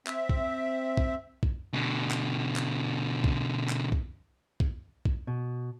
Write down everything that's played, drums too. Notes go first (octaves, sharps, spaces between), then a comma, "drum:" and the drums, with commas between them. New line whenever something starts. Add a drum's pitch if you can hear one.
C4 E5, drum: clap
drum: kick
drum: kick
drum: kick
B2 D3
drum: clap
drum: clap
drum: kick
drum: clap
drum: kick
drum: kick
drum: kick
B2